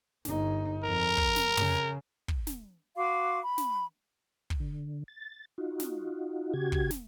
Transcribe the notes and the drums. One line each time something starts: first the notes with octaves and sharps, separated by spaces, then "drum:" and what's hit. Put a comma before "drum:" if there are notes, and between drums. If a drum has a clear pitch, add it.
G1 D#4, drum: snare
F2 A#4
drum: kick
drum: snare
C#3, drum: tom
drum: kick
drum: snare
F#4 F5 C6 D6
B5
drum: snare
drum: kick
D3
A6
D#4 F4 F#4
drum: snare
C#3 F#4 G4 G#6
drum: kick
drum: snare